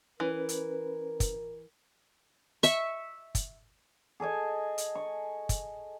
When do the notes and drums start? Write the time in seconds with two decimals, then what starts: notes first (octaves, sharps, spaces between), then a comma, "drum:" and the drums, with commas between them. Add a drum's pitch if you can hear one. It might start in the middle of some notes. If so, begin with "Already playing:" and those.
0.20 E3 C#4 A#4 B4
0.49 drum: hi-hat
1.20 drum: kick, hi-hat
2.63 E5 C#6, drum: hi-hat
3.35 drum: kick, hi-hat
4.20 G#4 A4 D#5 G#5
4.78 drum: hi-hat
4.95 C#6
5.49 drum: kick, hi-hat